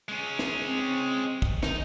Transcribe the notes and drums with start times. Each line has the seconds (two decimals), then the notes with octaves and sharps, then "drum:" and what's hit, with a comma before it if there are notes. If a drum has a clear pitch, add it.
0.09 G#3 C#4
0.39 drum: snare
0.67 C4
1.42 drum: kick
1.63 D#3 D#4, drum: snare